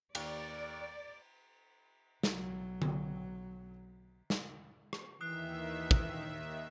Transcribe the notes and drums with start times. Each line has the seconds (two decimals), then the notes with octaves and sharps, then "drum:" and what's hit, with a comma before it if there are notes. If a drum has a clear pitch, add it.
0.15 D#2 D5, drum: cymbal
2.23 B1 F#3, drum: snare
2.82 drum: tom D3
4.30 drum: snare
4.93 drum: rim click
5.21 D#2 D#3 E3 E5 D#6 F#6 C7
5.91 drum: kick